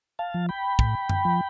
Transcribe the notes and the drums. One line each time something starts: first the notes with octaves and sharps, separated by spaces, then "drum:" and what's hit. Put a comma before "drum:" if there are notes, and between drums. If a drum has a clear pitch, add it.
F5 A5
F3
G5 B5
A2, drum: kick
drum: tom F#2
F3